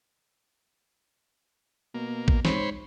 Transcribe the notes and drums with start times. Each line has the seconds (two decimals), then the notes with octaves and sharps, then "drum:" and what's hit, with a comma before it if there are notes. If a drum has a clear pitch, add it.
1.94 B2 A#3
2.28 drum: kick A1
2.45 G#2 C5 C#5 B5, drum: snare